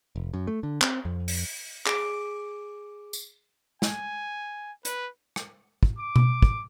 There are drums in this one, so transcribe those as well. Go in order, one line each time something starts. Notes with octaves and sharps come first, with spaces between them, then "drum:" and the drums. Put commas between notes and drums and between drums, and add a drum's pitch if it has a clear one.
F1
F#2
A3
D3
C4, drum: clap
F2
drum: open hi-hat
G#4 D6 D7, drum: clap
drum: tambourine
G#5, drum: snare
B4, drum: hi-hat
drum: rim click
drum: kick
D6
drum: tom B2
drum: kick